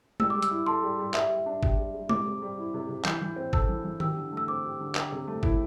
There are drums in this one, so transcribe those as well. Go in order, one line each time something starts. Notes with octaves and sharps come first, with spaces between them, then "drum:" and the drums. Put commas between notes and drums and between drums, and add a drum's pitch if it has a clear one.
G3 E6, drum: tom G#3
G3 D6
E6, drum: hi-hat
E4
A4 C6
G3
G3
G3 E5, drum: clap
G3
D4
G4, drum: kick
G3
G3
C3 D6, drum: tom G#3
C3
G3
E4
C3
C3
E3 G6, drum: clap
E3
C4
A4 E6, drum: kick
E3
E3
G4 E6, drum: tom D#3
D3
A3 E6
C4 D6
G4
D3
G4, drum: clap
C3
A3
E4, drum: kick